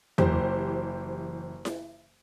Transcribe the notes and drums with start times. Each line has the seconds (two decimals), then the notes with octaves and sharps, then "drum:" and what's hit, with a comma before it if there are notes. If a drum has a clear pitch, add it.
0.18 F#1 E3 G4 C5, drum: tom E2
1.65 drum: snare E4